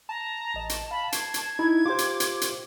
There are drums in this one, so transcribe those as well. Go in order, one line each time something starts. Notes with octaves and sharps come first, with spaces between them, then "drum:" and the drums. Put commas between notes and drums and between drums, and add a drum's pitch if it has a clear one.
A5 A#5
A1 D#5
drum: hi-hat
F5 B5
G#6 C7, drum: hi-hat
drum: hi-hat
D#4 E4
F4 G4 C5 D6
drum: hi-hat
drum: hi-hat
drum: hi-hat